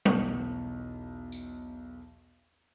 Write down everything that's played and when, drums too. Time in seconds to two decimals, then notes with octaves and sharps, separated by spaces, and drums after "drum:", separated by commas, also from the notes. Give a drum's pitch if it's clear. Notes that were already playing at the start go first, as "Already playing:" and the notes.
0.05 B1 E2, drum: tom F#3
1.32 drum: tambourine